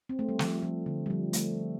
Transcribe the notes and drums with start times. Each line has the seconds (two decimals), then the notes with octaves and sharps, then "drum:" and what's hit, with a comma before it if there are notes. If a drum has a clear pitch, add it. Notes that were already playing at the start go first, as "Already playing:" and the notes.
0.09 C4
0.19 A3
0.29 G3
0.39 F3, drum: snare
0.63 F3
0.86 D3
1.06 G3
1.10 F3
1.33 A3, drum: hi-hat